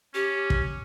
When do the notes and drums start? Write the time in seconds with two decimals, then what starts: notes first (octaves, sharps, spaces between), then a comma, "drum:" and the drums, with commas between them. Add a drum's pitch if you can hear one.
0.14 C#4 G4
0.50 drum: kick